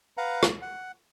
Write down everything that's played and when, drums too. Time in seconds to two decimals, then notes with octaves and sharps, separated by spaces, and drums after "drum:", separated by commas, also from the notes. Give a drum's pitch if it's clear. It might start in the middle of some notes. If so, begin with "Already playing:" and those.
0.17 B4 F5 F#5 A#5
0.43 drum: rim click
0.62 F#5